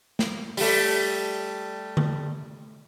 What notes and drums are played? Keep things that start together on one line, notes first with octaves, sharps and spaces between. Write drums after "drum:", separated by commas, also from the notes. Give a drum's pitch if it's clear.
drum: snare
G3 A3, drum: open hi-hat
drum: tom D3